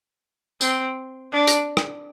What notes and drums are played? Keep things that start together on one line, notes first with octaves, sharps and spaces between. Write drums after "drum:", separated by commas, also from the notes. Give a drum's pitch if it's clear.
C4, drum: tambourine
D4
drum: hi-hat
drum: rim click